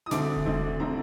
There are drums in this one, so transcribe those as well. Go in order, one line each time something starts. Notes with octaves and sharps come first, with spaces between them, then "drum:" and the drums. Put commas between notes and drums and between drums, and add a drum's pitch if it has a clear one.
D#6
D2 D3 A3 C4 D6, drum: snare
drum: kick E1
D2 D3 A3 C4
D3 A3 C4 A#5